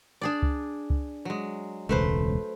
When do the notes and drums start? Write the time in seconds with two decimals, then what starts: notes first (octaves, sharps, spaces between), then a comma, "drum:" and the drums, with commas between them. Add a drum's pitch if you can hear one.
0.21 D4 G#4 D5
0.42 drum: kick C#2
0.90 drum: kick C#2
1.25 F#3 G#3
1.89 E1 C#2 A3 B4 C5